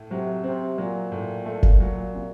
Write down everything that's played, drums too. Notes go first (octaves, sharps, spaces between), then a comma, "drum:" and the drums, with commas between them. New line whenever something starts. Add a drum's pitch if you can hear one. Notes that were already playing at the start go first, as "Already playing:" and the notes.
Already playing: A2
C3 F#3
C3 C4
A#2 F#3
A2
A3
drum: kick F#1
F#3
C3